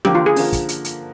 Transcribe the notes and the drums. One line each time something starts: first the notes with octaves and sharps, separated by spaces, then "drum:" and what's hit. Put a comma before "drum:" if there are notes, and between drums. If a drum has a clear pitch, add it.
D3 F3 A#3 G4, drum: tom
F4
G#4
D3 F3 A#3, drum: open hi-hat
drum: kick, hi-hat
drum: hi-hat
drum: hi-hat